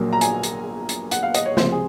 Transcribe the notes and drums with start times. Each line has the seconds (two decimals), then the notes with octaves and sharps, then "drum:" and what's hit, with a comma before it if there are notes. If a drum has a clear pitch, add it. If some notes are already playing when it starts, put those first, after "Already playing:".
Already playing: A#1 A#2 F#3 A#3
0.13 A#5
0.21 G#5, drum: hi-hat
0.43 drum: hi-hat
0.89 drum: hi-hat
1.11 F#5, drum: hi-hat
1.23 F5
1.34 D#5, drum: hi-hat
1.46 C#5
1.57 C#2 C3 F3 C5, drum: snare
1.72 G#4